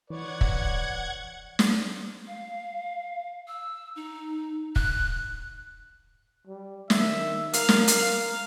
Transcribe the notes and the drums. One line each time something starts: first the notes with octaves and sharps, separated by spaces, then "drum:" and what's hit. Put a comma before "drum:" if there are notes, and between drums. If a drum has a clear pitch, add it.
E3 B4 C#5 D5 F#5 G#6
drum: kick
drum: snare
F5
E6
D#4
F#6, drum: kick
G3
D#3 E5, drum: snare
A#4 F5, drum: hi-hat
drum: snare
F5, drum: hi-hat